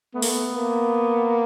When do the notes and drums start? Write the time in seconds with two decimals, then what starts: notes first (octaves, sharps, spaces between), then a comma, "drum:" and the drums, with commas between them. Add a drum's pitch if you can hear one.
0.14 A3 B3
0.22 A#3, drum: open hi-hat
0.29 B3
0.56 A#3